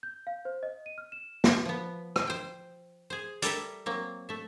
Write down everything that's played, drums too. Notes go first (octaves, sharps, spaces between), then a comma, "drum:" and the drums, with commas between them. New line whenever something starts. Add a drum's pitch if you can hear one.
G6
F5
C5
D#5
D#7
F6
E7
drum: snare
F3 B3
drum: rim click
C5 G5
G#4 C5
G3 A4 A#4 E5, drum: hi-hat
F#3 A#3 C4
A3 E5